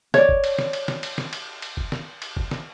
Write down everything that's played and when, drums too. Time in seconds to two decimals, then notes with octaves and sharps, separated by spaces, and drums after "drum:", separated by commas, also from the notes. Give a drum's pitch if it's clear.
0.14 C#5 D5, drum: snare
0.29 drum: kick
0.44 drum: cymbal
0.58 drum: snare
0.73 drum: cymbal
0.88 drum: snare
1.03 drum: cymbal
1.18 drum: snare
1.33 drum: cymbal
1.62 drum: cymbal
1.77 drum: kick
1.92 drum: snare
2.22 drum: cymbal
2.37 drum: kick
2.51 drum: snare